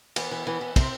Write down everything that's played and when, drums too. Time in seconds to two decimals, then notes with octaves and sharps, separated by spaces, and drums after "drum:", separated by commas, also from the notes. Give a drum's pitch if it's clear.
0.16 E3 B3, drum: cymbal
0.31 E3
0.47 E3
0.61 E3
0.76 C3 C4, drum: kick, cymbal